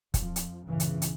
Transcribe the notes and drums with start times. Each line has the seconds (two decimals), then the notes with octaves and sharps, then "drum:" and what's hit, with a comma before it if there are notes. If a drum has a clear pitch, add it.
0.14 F2 F3, drum: kick, hi-hat
0.36 drum: hi-hat
0.64 G1 C#2 A#2 C#3 E3
0.80 drum: hi-hat
1.02 drum: hi-hat